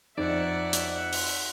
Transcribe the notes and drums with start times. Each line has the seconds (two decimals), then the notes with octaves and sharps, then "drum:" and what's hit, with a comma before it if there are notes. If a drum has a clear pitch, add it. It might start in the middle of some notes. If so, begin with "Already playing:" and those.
0.18 F2 D#4 D5 E5 F#5
0.73 drum: hi-hat
1.13 drum: open hi-hat